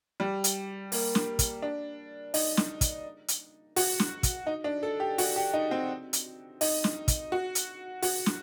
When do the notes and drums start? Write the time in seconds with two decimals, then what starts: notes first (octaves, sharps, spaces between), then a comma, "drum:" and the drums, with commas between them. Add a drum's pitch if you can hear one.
0.20 G3
0.44 drum: hi-hat
0.92 A#3, drum: open hi-hat
1.15 drum: snare
1.39 drum: kick, hi-hat
1.62 D4
2.34 D#4, drum: open hi-hat
2.57 drum: snare
2.81 drum: kick, hi-hat
3.28 drum: hi-hat
3.76 F#4, drum: open hi-hat
4.00 drum: snare
4.23 drum: kick, hi-hat
4.46 D#4
4.64 D4
4.83 A4
5.00 G4
5.18 F#4, drum: open hi-hat
5.36 G4
5.53 D#4
5.71 C4
6.13 drum: hi-hat
6.61 D#4, drum: open hi-hat
6.84 drum: snare
7.08 drum: kick, hi-hat
7.32 F#4
7.55 drum: hi-hat
8.02 F#4, drum: open hi-hat
8.26 drum: snare